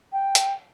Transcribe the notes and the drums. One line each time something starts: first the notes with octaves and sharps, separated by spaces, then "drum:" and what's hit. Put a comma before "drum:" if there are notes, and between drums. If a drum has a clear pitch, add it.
G5
drum: hi-hat